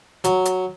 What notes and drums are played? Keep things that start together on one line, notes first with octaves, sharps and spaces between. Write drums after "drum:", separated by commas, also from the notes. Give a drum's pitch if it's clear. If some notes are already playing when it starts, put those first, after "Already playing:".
F#3, drum: hi-hat
drum: hi-hat